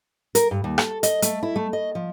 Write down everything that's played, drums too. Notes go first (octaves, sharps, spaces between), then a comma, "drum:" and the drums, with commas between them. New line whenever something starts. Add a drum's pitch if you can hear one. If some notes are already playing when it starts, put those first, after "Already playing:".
A#4, drum: hi-hat
G2
D#2
A4, drum: rim click
D#5, drum: hi-hat
A3, drum: hi-hat
E4
A3
D#5
F3